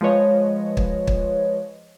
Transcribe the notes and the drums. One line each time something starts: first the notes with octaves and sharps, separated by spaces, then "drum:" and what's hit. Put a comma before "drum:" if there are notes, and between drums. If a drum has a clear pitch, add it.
F3 G#3 F4 B4 C#5 D#5
drum: kick
drum: kick